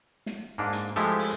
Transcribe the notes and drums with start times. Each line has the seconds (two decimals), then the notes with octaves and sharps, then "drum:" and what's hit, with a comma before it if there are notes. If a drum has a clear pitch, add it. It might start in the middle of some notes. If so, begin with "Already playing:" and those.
0.26 drum: snare
0.58 G#2 A#3 D4
0.73 drum: hi-hat
0.96 F3 G#3 A3 E4 G4 A4, drum: hi-hat
1.19 drum: open hi-hat